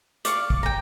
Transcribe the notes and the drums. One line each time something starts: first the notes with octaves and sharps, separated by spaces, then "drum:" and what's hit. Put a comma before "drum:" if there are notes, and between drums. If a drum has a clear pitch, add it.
D5 F5 C#6, drum: hi-hat
drum: kick G#1
G5 A#5